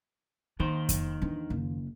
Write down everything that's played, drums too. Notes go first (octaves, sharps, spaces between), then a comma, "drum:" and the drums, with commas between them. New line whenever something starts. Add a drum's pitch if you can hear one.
D#2 D#3 D#4 C5
drum: kick F2, hi-hat
E3 D4
F#1